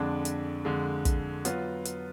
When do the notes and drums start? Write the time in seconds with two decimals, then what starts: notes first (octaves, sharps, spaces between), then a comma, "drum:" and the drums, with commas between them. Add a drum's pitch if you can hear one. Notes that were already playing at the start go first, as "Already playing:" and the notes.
Already playing: F2 D3 G#3 D4
0.25 drum: hi-hat
0.65 F2 D3 G#3
1.05 drum: kick, hi-hat
1.45 F#3 B3 F4, drum: hi-hat
1.85 drum: hi-hat